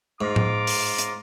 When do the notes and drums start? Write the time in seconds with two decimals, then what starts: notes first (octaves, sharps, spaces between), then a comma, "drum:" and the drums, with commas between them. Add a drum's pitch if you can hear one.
0.21 G#2 F4 A#5 D6
0.36 drum: tom A2
0.67 drum: open hi-hat
0.98 drum: hi-hat